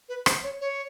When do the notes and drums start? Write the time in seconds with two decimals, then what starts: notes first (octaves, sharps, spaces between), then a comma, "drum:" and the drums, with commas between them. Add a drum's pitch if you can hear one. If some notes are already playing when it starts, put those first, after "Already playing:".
0.09 B4
0.26 C5, drum: rim click
0.43 C#5
0.61 C#5